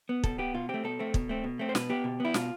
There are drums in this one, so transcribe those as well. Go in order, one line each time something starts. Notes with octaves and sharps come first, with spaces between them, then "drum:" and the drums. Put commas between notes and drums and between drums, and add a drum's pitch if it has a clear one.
B3
B2 A4, drum: kick
B3 G4
B2 F4
A3 C4 G4
B2 A4
A3 C4
B2, drum: kick
A3 C4
B2
A3 C4
C5
B2 B4, drum: snare
B3 G4
B2
B3 E4
B2 F4, drum: snare